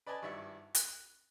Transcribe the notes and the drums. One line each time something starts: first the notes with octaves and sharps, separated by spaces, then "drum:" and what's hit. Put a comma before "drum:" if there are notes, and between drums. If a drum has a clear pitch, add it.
B4 D5 D#5 G#5 A5
G#1 G2 E4 D5 E5 C#6
F#6, drum: hi-hat